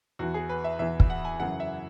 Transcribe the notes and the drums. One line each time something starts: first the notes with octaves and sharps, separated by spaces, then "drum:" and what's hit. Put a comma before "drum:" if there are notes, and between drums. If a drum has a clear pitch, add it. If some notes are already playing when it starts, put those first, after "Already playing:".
E2 E3 F#4
G#4
B4
E5
E2 E3 E5
drum: kick
F#5
G#5
F#2 C#3 E3 F#5
E5